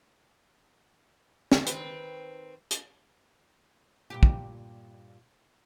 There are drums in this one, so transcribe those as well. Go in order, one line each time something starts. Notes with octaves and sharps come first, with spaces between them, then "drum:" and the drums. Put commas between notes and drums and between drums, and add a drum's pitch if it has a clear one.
drum: snare
D#3 C4 B4, drum: hi-hat
drum: hi-hat
G2 A#2 G4
drum: kick